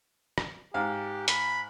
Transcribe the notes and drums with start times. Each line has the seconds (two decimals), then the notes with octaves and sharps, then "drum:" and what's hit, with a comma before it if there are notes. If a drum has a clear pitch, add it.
0.38 drum: rim click
0.74 G#2 G4 F5
1.28 B5, drum: hi-hat